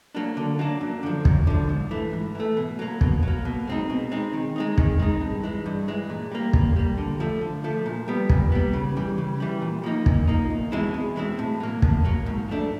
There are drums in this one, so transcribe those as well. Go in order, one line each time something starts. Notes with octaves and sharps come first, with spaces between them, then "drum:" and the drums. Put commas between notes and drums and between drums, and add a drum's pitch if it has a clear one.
F#3 A#3 D4
D3
F#3 A#3 D4
F#2
D3 F3
F#2, drum: kick
D3 F3
G#2
E3 A3
G#2
E3 A3
B2
F#3 A#3
B2, drum: kick
F#3 A#3
B2
G#3 C4 D#4
B2
G#3 C4 D#4
D#3
G#3 C4 D#4
D#3, drum: kick
G#3 C4 D#4
G2
E3 G#3
G2
E3 G#3
A#2
G3 A#3
A#2, drum: kick
G3 A#3
D3
F3 A3
D3
F3 A3
A#2
G3 B3
A#2, drum: kick
G3 B3
C#3
E3 G3
C#3
E3 G3
A#2
F3 A#3 D#4
A#2, drum: kick
F3 A#3 D#4
E2
B2 G#3 C4 E4
E2
B2 G#3 C4 E4
A2
F#3 A#3
A2, drum: kick
F#3 A#3
G#2
F3 A3 D4